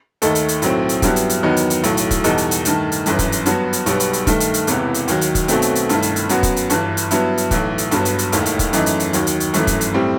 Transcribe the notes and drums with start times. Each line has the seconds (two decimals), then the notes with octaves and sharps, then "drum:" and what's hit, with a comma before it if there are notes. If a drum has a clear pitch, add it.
0.22 D#2 D#3 A3 D#4 A4, drum: hi-hat
0.35 drum: hi-hat
0.48 drum: hi-hat
0.62 B1 A2 F#3 C4, drum: hi-hat
0.89 drum: hi-hat
1.02 G2 F#3 B3 E4 G4, drum: kick, hi-hat
1.16 drum: hi-hat
1.30 drum: hi-hat
1.43 E2 D#3 F#3 B3 D#4
1.57 drum: hi-hat
1.70 drum: hi-hat
1.84 B1 A2 F#3, drum: hi-hat
1.97 drum: hi-hat
2.11 drum: kick, hi-hat
2.24 E2 B2 G3 D#4 A4, drum: hi-hat
2.38 drum: hi-hat
2.51 drum: hi-hat
2.65 G2 D#3 A3, drum: hi-hat
2.92 drum: hi-hat
3.06 G1 F#2 E3, drum: hi-hat
3.19 drum: kick, hi-hat
3.32 drum: hi-hat
3.46 G2 F#3 B3 F#4, drum: hi-hat
3.73 drum: hi-hat
3.86 B1 B2 G3 B3, drum: hi-hat
4.00 drum: hi-hat
4.13 drum: hi-hat
4.27 G2 D#3 A3, drum: kick, hi-hat
4.40 drum: hi-hat
4.54 drum: hi-hat
4.67 E1 E2 C3 E3 B3, drum: hi-hat
4.94 drum: hi-hat
5.08 D#2 D#3 F#3, drum: hi-hat
5.21 drum: hi-hat
5.35 drum: kick, hi-hat
5.48 B1 B2 F#3 A3 C4, drum: hi-hat
5.62 drum: hi-hat
5.75 drum: hi-hat
5.89 G1 G2 D#3 A3 E4, drum: hi-hat
6.02 drum: hi-hat
6.16 drum: hi-hat
6.29 F#2 F#3 B3 F#4, drum: hi-hat
6.43 drum: kick, hi-hat
6.56 drum: hi-hat
6.70 G1 G2 E3, drum: hi-hat
6.97 drum: hi-hat
7.11 G2 F#3 B3 E4, drum: hi-hat
7.38 drum: hi-hat
7.51 B1 A2 E3, drum: kick, hi-hat
7.78 drum: hi-hat
7.91 G1 G2 F#3 B3, drum: hi-hat
8.05 drum: hi-hat
8.19 drum: hi-hat
8.32 E1 D#2 D#3 A3, drum: hi-hat
8.46 drum: hi-hat
8.59 drum: kick, hi-hat
8.73 F#2 E3 A3 D#4, drum: hi-hat
8.86 drum: hi-hat
9.00 drum: hi-hat
9.13 D#2 D#3 F#3, drum: hi-hat
9.27 drum: hi-hat
9.40 drum: hi-hat
9.54 G1 F#2 E3 A3, drum: hi-hat
9.67 drum: kick, hi-hat
9.81 drum: hi-hat
9.94 A2 G3 C4